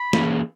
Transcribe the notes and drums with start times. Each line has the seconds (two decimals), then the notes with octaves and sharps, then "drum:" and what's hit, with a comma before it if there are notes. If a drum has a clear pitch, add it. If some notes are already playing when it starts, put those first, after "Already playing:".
Already playing: B5
0.13 E3 A#3 C#4 G#4 B4, drum: snare